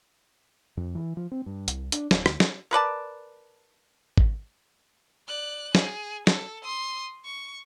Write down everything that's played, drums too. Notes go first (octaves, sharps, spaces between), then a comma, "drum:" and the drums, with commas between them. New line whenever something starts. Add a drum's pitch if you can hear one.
F2
E3
F3
C4
G2
C2, drum: hi-hat
D4, drum: hi-hat
D1, drum: snare
D2, drum: rim click
drum: snare
A#4 B4 D5 A5
drum: kick G#1
D5 F#6
G#4, drum: snare
A4, drum: snare
C6 D#6
C#6